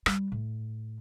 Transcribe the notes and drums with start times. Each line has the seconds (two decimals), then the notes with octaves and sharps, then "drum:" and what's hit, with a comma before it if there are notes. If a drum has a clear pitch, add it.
0.06 G3, drum: rim click
0.32 A2